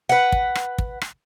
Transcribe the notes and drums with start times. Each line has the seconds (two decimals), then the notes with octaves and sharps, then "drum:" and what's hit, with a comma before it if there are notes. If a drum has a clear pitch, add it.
0.09 B4 F#5
0.32 drum: kick
0.55 drum: rim click
0.78 drum: kick
1.01 drum: rim click